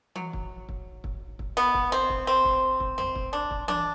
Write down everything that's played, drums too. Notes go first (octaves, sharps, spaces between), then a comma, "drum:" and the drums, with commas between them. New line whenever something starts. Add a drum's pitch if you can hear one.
F#3, drum: tom E3
drum: kick
drum: kick
drum: kick
drum: kick
B3
drum: kick
C4
drum: kick
C4
drum: kick
drum: kick
C4, drum: tom E2
drum: kick
D4
drum: kick
D4, drum: tom E3